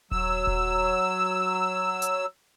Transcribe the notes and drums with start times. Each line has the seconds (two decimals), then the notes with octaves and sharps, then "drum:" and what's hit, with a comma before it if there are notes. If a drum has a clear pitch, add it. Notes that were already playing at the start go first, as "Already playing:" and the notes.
0.11 F#3 E6, drum: kick D#1
0.47 drum: kick D#1
2.02 drum: hi-hat